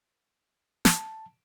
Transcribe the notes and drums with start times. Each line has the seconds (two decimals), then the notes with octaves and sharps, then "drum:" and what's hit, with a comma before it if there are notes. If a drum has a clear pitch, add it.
0.85 A5, drum: snare